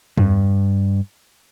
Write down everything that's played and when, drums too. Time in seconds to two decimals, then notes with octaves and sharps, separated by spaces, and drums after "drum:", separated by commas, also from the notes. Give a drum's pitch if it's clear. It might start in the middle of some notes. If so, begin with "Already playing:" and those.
0.18 G2, drum: tom